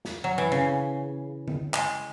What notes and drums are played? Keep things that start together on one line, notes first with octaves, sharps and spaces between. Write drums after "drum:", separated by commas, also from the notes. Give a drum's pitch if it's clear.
drum: snare
F#3
E3
C#3
drum: tom D3
G#3, drum: clap